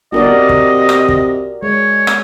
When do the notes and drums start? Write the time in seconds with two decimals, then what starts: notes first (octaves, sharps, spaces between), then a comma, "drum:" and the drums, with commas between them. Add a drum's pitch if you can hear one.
0.12 G1 F#4 A#4 D5 D#5
0.30 C3
0.49 drum: kick
0.89 drum: rim click
1.08 drum: kick
1.63 G#3 C#5
2.07 drum: rim click